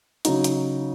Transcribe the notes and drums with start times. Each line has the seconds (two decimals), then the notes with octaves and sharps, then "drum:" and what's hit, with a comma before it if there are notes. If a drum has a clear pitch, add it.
0.25 C#3 F#3 D#4, drum: hi-hat
0.44 drum: hi-hat